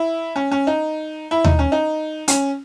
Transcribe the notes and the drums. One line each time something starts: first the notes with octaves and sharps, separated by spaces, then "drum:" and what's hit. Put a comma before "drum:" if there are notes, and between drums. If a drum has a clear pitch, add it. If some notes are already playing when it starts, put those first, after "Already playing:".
Already playing: E4
C#4
C#4
D#4
E4
D#4, drum: tom D#2
C#4
D#4
C#4, drum: hi-hat